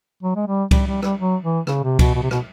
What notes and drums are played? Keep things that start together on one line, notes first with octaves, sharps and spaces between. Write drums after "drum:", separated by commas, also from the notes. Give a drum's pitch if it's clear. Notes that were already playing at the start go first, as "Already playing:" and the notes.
F#3
G#3
G3
G3, drum: kick C#2, cymbal
G3
G3, drum: rim click
F#3
E3
C#3, drum: rim click
C3
B2, drum: kick C#2, cymbal
B2
C3
B2, drum: rim click